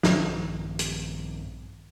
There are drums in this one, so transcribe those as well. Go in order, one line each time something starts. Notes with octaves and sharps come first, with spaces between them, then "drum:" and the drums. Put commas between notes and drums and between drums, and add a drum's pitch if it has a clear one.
A#1 G2 D#3 F3, drum: snare
drum: hi-hat